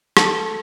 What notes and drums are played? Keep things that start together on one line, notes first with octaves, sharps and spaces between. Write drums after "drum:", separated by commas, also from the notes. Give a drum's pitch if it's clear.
A4, drum: rim click